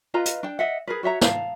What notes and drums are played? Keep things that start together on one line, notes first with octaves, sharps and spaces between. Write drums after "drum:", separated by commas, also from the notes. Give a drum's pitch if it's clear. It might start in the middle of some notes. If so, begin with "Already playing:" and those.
F4 B4 D#5 A#5
drum: hi-hat
D4 G5
D#5 E5 F#5
G#4 A#4 B4
F#4 C#5 E5 A#5
F5 A5 A#5, drum: snare